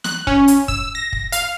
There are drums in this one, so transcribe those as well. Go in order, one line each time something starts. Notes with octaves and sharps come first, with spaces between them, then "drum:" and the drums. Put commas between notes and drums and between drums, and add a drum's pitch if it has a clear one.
F#6, drum: snare
C#4, drum: kick
drum: hi-hat
E6, drum: kick
A#6
drum: kick
F5, drum: hi-hat